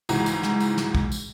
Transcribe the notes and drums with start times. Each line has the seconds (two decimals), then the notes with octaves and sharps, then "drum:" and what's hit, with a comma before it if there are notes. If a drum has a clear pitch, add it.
0.09 C#2 G#2 E3 F#4 A#5, drum: tambourine
0.26 drum: tambourine
0.43 drum: snare
0.60 drum: tambourine
0.77 drum: snare
0.95 drum: kick
1.12 drum: tambourine